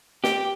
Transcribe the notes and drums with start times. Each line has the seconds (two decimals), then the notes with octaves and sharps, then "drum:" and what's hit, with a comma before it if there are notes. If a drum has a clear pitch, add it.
0.24 G4, drum: snare